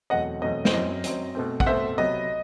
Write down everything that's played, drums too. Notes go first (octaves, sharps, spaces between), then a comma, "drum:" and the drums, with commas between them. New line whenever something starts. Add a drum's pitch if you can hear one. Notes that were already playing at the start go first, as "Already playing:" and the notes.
E2 B2 F#3 A3 C4 D#5 F#5
E2 B2 F#3 A3 C4 D#5
C5, drum: snare
F#2 F#3 C4 D#5
F#2 F#3 C4, drum: hi-hat
B2 A3 C4
F#5, drum: kick
B2 A3 C4 C5 E5
C3 F#3 B3 D#5